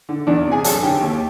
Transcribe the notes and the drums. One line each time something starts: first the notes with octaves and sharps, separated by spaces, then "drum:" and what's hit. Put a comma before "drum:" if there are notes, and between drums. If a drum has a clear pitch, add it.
D3
E2 D4 D5
C3
G#4 G#5
F#2 A4 A5, drum: hi-hat
D3 G4 G5
D#2